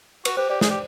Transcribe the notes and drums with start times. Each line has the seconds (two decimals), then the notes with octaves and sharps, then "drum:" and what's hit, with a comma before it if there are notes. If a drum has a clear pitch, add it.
0.25 F#4 B4, drum: cymbal
0.37 G4 C5
0.50 G4 D5
0.61 G#4, drum: snare
0.70 G4